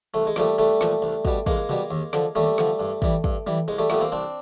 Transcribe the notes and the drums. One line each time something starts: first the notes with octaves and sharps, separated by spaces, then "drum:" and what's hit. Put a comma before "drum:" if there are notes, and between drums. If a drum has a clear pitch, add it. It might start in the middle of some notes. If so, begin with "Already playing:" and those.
C2 A3
G#3
A#2 F3 G3 A3, drum: snare
C2 G3 A3
A#2 F3, drum: snare
C2
B2 G3, drum: kick
C2 G#3 A#3, drum: kick
B2 G3, drum: tom
D#2
D3 F3, drum: snare
D#2 G3 A3
D3 F3, drum: snare
G2
E3 G3, drum: kick
G2, drum: kick
E3 G3, drum: tom
C2 G#3
G3 A3
A#2 G3 A3 B3, drum: snare
A#3 C4
C2 C4 D4